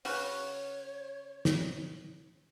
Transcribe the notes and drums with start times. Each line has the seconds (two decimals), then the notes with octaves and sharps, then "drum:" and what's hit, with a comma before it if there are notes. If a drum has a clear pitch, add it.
0.05 C#3 F#4 B4 C#5, drum: open hi-hat
1.45 drum: snare